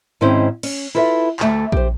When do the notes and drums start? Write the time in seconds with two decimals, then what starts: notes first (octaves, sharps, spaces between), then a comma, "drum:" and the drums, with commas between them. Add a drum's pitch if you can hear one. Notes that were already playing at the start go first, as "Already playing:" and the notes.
0.21 G#2 D#3 C4 C#4 E4 C5
0.63 C#4, drum: cymbal
0.95 E4 F4 A4 B4 D5 E5
1.40 D2 A3, drum: clap
1.72 G4 C5, drum: kick A#1